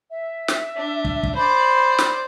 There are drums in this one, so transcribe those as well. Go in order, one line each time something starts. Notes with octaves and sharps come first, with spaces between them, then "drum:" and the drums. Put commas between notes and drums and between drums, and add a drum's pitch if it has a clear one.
E5
drum: snare
D4
drum: kick
drum: kick
C5 D5 B5
drum: snare